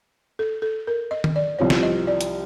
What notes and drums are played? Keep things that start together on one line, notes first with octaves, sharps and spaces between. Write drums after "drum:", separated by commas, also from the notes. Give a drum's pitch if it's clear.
A4
A4
A#4
D#5
drum: tom D#3
D5
C2 C3 F3 C#5
drum: snare
D#5
D5
drum: hi-hat